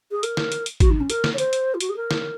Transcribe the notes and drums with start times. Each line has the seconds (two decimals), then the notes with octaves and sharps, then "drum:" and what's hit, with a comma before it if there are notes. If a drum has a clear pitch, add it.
0.11 G#4
0.23 A#4, drum: hi-hat
0.37 drum: snare
0.52 drum: hi-hat
0.66 drum: hi-hat
0.80 F#4, drum: kick G#1, hi-hat
0.90 D#4
1.00 C#4
1.10 A#4, drum: hi-hat
1.24 drum: snare
1.34 C#5
1.38 C5, drum: hi-hat
1.53 drum: hi-hat
1.74 F4
1.80 F#4, drum: hi-hat
1.89 G#4
1.96 A#4
2.11 drum: snare